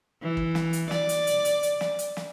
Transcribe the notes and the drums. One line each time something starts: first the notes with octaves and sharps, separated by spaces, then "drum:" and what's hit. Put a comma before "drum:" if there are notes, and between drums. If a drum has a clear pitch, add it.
E3
drum: kick
drum: snare
drum: hi-hat
D5, drum: snare
drum: hi-hat
drum: hi-hat
drum: hi-hat
drum: hi-hat
drum: snare
drum: hi-hat
drum: snare